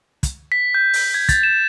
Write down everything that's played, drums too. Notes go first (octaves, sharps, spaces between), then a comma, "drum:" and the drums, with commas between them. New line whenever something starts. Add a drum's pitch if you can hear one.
drum: kick, hi-hat
B6
G6
drum: open hi-hat
G#6
A6, drum: kick, hi-hat
E7